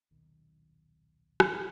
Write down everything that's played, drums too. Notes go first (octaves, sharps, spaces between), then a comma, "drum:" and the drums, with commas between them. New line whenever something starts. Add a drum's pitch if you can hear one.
D#1 B1 D#3
drum: rim click